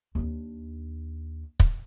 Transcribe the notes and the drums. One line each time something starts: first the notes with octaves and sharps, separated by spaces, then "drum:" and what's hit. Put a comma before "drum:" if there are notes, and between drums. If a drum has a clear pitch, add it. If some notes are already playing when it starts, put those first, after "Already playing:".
D#2 D4
drum: kick